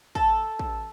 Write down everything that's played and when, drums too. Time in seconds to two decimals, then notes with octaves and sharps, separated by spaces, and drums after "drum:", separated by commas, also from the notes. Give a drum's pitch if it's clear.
0.15 A4, drum: kick
0.59 drum: kick